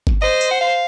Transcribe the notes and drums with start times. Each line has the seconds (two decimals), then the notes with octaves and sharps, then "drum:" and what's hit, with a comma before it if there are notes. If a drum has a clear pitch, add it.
0.07 drum: kick G1
0.22 C5 D#5
0.41 drum: tambourine
0.51 F#5
0.61 F5